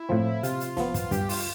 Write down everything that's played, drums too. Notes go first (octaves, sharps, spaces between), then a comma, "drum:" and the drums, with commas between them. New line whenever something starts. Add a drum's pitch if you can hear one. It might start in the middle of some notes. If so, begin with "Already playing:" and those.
Already playing: E4
A2 F3 C4
C3 F4, drum: hi-hat
drum: hi-hat
F3 B3, drum: snare
drum: kick, hi-hat
G2 G4, drum: kick, hi-hat
F4, drum: open hi-hat